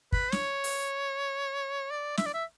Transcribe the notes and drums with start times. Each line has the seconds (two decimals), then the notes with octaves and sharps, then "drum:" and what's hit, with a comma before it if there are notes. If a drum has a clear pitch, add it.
0.12 B4, drum: kick
0.32 C#5, drum: snare
0.64 drum: open hi-hat
1.91 D5
2.17 E5, drum: snare
2.26 D5
2.34 E5